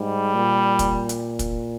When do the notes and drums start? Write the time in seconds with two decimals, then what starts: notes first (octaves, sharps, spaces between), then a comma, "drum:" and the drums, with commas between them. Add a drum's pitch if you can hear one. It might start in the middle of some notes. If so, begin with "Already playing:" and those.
Already playing: G#2 G3
0.34 A#2
0.79 drum: kick, hi-hat
1.09 drum: hi-hat
1.39 drum: kick, hi-hat